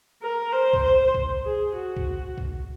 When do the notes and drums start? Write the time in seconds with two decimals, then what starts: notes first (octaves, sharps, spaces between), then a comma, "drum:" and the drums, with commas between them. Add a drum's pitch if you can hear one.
0.22 A#4
0.53 C5
0.73 drum: kick C2
0.84 C5
1.14 drum: kick C2
1.45 G#4
1.76 F#4
1.97 drum: kick C2
2.38 drum: kick C2